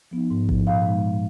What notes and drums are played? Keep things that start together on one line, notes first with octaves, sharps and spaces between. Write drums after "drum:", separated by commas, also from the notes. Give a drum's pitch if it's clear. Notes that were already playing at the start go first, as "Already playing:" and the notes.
F3 B3 D#4
G#2
F3 B3 D#4, drum: kick A1
A#2 F5
G#3 D#4
A#2